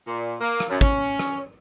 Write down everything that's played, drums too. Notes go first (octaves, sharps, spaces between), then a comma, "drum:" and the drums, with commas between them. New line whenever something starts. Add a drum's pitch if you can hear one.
A#2
A#3
drum: rim click
F#2
C#4, drum: kick
drum: rim click